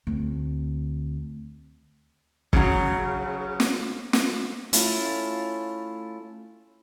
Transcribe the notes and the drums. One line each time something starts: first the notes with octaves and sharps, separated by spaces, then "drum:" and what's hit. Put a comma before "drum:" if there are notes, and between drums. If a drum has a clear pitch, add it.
D2 C4
C#3 F#3, drum: kick
drum: snare
drum: snare
A3 C#4 E4 F4, drum: hi-hat